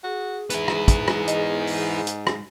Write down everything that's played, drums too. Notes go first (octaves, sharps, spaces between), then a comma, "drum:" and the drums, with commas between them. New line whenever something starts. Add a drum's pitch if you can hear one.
F#4 G#4
G#2 B3 E4, drum: hi-hat
drum: rim click
drum: kick, hi-hat
drum: rim click
D#5, drum: hi-hat
drum: open hi-hat
drum: hi-hat
drum: rim click